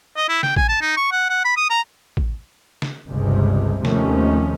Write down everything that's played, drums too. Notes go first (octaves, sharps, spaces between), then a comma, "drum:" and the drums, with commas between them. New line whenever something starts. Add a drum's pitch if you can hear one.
D#5
E4
G5, drum: snare
G#5, drum: kick A1
A5
D#4
C#6
F#5
F#5
B5
D#6
A#5
drum: kick A1
drum: snare
G1 C#2 G2 C3 G#3
D#2 C3 D#3 F3 A3 C#4, drum: snare